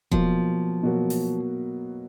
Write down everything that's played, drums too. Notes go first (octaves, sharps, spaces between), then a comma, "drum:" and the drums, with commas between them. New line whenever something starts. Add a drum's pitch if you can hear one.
B2 F3 F#3 A#3, drum: kick E1
B2 F#3 A#3
drum: open hi-hat